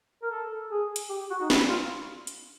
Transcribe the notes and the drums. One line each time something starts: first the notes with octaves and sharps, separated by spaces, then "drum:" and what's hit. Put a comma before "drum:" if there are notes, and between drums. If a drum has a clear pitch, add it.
A#4
A4
G#4
drum: hi-hat
G4
F#4
D#4
E4, drum: snare
F4
drum: hi-hat